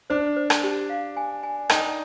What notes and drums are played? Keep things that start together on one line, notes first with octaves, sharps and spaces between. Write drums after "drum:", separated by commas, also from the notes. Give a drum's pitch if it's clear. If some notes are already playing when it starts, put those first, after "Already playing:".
D4 C5
C5
drum: rim click
G4
F5
G#5
G#5
D#4 G5, drum: rim click